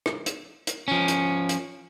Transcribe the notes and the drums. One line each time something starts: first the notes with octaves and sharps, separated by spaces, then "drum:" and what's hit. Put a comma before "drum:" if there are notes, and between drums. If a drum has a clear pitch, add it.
drum: rim click
drum: hi-hat
drum: hi-hat
F3 C#4
drum: hi-hat
drum: hi-hat